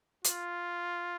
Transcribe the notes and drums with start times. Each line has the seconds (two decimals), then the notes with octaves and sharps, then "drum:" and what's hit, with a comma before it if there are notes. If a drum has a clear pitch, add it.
0.24 F4, drum: hi-hat